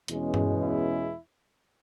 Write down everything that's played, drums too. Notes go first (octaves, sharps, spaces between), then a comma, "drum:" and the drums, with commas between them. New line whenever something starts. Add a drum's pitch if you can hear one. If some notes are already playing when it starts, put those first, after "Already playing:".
E2 B2 G#3 C#4, drum: hi-hat
drum: tom G2
E4